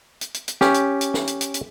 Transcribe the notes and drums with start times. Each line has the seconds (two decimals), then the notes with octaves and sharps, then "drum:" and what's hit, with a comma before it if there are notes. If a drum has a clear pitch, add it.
0.21 drum: hi-hat
0.34 drum: hi-hat
0.48 drum: hi-hat
0.61 C#4 G4, drum: snare
0.74 drum: hi-hat
1.01 drum: hi-hat
1.14 drum: snare
1.27 drum: hi-hat
1.41 drum: hi-hat
1.54 drum: hi-hat